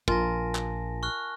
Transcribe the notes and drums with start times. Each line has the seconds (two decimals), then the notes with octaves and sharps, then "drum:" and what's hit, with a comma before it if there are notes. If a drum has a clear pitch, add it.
0.08 A#1 F4 A#4 G#5 A5 A#6, drum: kick
0.55 drum: clap
1.03 C#6 F6 F#6